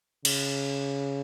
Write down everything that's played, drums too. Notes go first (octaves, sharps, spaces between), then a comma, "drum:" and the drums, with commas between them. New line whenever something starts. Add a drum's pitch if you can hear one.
C#3, drum: cymbal